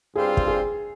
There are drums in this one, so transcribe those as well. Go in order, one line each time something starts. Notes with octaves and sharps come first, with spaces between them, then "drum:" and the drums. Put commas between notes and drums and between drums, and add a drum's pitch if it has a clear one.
G2 G3 C4 F4 G#4
drum: kick
G#4